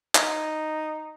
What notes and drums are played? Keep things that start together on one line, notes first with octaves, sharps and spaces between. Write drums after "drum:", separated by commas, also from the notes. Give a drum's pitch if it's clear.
D#4, drum: clap